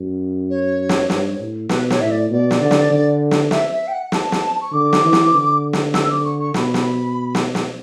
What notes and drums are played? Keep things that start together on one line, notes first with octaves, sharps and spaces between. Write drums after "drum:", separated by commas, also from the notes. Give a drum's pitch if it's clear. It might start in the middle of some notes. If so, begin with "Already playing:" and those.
Already playing: F#2
C#5
drum: snare
G2, drum: snare
A2
B2 B4, drum: snare
C#5, drum: snare
A2 E5
D5
B2 D5
drum: snare
D3
drum: snare
D3
drum: snare
E5, drum: snare
E5
G5
F#5
A5, drum: snare
drum: snare
C#6
D3 D6
drum: snare
E3
drum: snare
D3
drum: snare
E6, drum: snare
D6
C#6
C#6
B2 B5, drum: snare
drum: snare
drum: snare
drum: snare